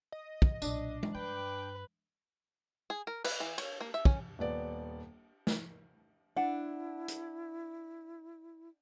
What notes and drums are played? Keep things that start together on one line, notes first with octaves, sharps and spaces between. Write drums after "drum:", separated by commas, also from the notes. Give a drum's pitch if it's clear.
D#5
drum: kick
B1 A#2 D4, drum: tambourine
drum: tom G#3
G2 B4 G5
G#4
A#4
B4, drum: cymbal
E3
C#5, drum: cymbal
A#3
E5
C#4, drum: kick
D#1 B3 D5
drum: snare
D4 E4 F#5
drum: hi-hat